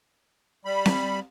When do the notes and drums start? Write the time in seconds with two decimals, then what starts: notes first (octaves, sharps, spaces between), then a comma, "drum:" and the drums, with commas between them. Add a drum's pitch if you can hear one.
0.65 G3 B5
0.86 drum: snare C4